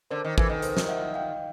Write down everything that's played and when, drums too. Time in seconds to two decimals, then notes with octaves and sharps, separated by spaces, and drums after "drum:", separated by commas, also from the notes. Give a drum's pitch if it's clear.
0.11 D3 A#4 C5
0.25 D#3
0.38 E3 A4 B4, drum: kick
0.50 D#3
0.62 A#4 C5, drum: hi-hat
0.77 drum: snare
0.89 E5 F#5
1.14 F5 G5